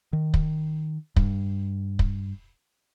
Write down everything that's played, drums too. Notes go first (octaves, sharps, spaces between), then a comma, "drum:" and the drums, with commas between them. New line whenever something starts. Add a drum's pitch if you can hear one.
D#3
drum: kick
G2, drum: kick
drum: kick